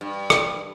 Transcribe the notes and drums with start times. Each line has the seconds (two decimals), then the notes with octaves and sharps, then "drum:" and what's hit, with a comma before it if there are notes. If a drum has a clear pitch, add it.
0.01 G2
0.30 drum: rim click